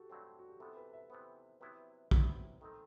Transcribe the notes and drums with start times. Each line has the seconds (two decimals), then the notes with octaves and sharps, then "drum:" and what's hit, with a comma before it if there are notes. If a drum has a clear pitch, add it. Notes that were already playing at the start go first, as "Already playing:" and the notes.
Already playing: F#4 G4 A4
0.09 G2 F#3 A3 C4
0.39 F#4
0.49 G4
0.60 C3 E3 B3 A4
0.77 B4
0.93 E5
1.10 C3 E3 B3 C5
1.61 C3 F#3 B3 E4 B4
2.11 C3 F#3 B3 E4, drum: kick
2.61 D#3 A3 C4 D#4 A4